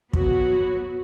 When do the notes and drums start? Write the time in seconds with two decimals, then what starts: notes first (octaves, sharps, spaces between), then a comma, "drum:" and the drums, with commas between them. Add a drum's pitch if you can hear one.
0.13 F#3 B3 F#4, drum: kick